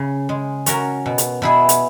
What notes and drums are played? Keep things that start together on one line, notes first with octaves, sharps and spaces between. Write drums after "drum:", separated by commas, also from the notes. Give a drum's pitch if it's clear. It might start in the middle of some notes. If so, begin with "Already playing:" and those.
Already playing: C#3
G#3
C#4 F#4 A#4, drum: hi-hat
B2
drum: hi-hat
B2 E4 G#4
drum: hi-hat